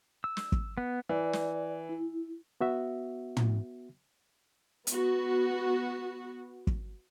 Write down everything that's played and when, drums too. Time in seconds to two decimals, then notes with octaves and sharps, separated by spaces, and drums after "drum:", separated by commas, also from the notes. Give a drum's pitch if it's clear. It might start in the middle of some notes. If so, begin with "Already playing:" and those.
0.24 E6
0.37 drum: snare
0.52 drum: kick
0.78 B3
1.09 E3 D5
1.33 drum: snare
1.89 E4
2.61 B3 F#4 E5
3.37 drum: tom
4.87 B3 F#4, drum: hi-hat
6.67 drum: kick